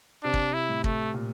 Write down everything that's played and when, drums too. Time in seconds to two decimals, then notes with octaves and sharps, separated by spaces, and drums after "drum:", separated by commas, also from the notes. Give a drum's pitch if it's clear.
0.23 C3 D4
0.34 drum: kick
0.53 E4
0.69 A2
0.84 A3, drum: kick
1.14 A#2